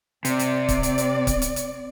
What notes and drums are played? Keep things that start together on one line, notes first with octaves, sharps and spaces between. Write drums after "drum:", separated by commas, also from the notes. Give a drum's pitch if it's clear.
C3 C4 D5, drum: hi-hat
drum: hi-hat
drum: kick, hi-hat
drum: hi-hat
drum: hi-hat
drum: kick, hi-hat
drum: hi-hat
drum: hi-hat